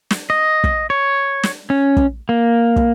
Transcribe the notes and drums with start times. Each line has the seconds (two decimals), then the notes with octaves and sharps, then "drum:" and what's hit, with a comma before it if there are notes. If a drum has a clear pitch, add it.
0.11 drum: snare
0.30 D#5
0.64 drum: kick
0.90 C#5
1.43 drum: snare
1.70 C#4
1.97 drum: kick
2.29 A#3
2.76 drum: kick